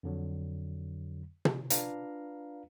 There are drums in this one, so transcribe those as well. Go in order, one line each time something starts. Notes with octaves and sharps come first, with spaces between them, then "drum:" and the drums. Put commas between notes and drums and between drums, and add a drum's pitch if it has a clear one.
F2 D3 F#3
drum: tom
D4 F4 B4 F5 A#5, drum: hi-hat